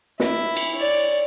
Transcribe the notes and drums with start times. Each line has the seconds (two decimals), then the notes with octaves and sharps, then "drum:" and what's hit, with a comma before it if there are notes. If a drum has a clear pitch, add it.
0.20 E4, drum: snare
0.56 drum: cymbal
0.75 C#5 D5